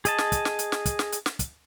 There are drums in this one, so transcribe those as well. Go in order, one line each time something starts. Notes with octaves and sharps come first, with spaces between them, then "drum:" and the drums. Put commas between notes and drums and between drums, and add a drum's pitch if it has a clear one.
G#4 D#5 A5, drum: hi-hat
drum: snare
drum: kick, hi-hat
drum: snare
drum: hi-hat
drum: snare
drum: kick, hi-hat
drum: snare
drum: hi-hat
drum: snare
drum: kick, hi-hat